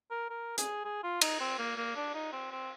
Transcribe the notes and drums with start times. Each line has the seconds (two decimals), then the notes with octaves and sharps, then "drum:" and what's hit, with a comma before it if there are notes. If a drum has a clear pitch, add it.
0.11 A#4
0.30 A#4
0.58 G#4, drum: hi-hat
0.85 G#4
1.03 F4
1.21 D#4, drum: cymbal
1.40 C4
1.59 A#3
1.77 A#3
1.96 D4
2.15 D#4
2.32 C4
2.51 C4